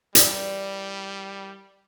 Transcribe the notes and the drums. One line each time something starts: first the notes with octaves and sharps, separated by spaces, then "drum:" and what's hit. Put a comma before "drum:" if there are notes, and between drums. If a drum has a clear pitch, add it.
E3 G3 A#4 D5, drum: hi-hat